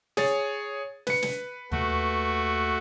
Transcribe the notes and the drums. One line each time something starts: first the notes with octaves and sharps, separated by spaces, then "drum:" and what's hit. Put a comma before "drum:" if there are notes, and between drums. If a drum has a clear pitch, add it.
G#4 C#5 A6, drum: snare
B4 C#7, drum: snare
drum: snare
D#2 A3 F#4, drum: tom D#2